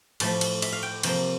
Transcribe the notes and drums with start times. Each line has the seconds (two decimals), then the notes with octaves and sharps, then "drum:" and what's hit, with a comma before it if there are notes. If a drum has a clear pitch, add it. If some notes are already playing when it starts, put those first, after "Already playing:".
0.20 A2 F3 A3 A5, drum: cymbal
0.41 drum: cymbal
0.62 E5, drum: cymbal
0.72 F5
0.83 G5
1.03 C3 F3 A#3 C5, drum: cymbal